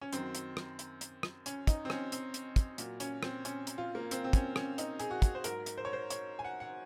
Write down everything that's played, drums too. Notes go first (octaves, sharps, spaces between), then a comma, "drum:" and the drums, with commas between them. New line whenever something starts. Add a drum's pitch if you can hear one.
C#4
F#2 D#3 F#3 C4, drum: hi-hat
drum: hi-hat
drum: rim click
drum: hi-hat
drum: hi-hat
drum: rim click
C#4, drum: hi-hat
D#4, drum: kick, hi-hat
C4
C#4, drum: rim click
C4, drum: hi-hat
drum: hi-hat
drum: kick, hi-hat
A#2 F#3, drum: hi-hat
C#4, drum: hi-hat
C4, drum: rim click
C#4, drum: hi-hat
drum: hi-hat
F4
A#3
C4, drum: hi-hat
C4
C#4, drum: kick, hi-hat
C#4, drum: rim click
D#4, drum: hi-hat
G#4, drum: hi-hat
F#4
drum: kick, hi-hat
C5
G#2 F#3 A#4, drum: hi-hat
drum: hi-hat
C5
C#5
C5
C#5, drum: hi-hat
G#5
F#5
F#5